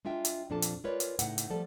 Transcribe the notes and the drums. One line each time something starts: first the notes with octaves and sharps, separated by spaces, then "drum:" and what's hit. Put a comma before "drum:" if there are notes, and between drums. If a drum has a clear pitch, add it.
G#3 D4 F4 E5 G5
drum: hi-hat
F2 A#2 D4 F4 A4 A5
drum: hi-hat
G#3 F4 A#4 B4 C#5 D5
drum: hi-hat
A2 C#3 D#4 F#5, drum: hi-hat
drum: hi-hat
F3 G3 A3 A4 D5 A5